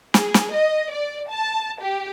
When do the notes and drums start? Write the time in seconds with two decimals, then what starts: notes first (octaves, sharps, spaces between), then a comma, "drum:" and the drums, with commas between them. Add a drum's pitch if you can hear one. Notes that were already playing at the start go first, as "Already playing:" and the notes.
0.14 G#4, drum: snare
0.34 drum: snare
0.52 D#5
0.90 D5
1.30 A5
1.81 G4